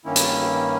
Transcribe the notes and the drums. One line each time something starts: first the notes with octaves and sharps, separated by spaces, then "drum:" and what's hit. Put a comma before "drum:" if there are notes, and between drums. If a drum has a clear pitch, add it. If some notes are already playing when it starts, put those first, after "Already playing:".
G2 D#3 A#3 C#4 E4
drum: hi-hat